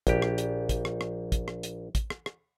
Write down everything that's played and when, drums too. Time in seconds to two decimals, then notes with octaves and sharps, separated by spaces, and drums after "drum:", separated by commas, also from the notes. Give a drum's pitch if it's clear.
0.07 A#1 G4, drum: kick, hi-hat
0.22 drum: rim click
0.38 drum: hi-hat
0.69 drum: kick, hi-hat
0.85 drum: rim click
1.01 drum: rim click
1.32 drum: kick, hi-hat
1.48 drum: rim click
1.63 drum: hi-hat
1.95 drum: kick, hi-hat
2.10 drum: rim click
2.26 drum: rim click